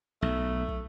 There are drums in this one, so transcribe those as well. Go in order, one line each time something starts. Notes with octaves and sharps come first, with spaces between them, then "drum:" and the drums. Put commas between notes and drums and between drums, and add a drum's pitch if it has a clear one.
B1 A3
drum: kick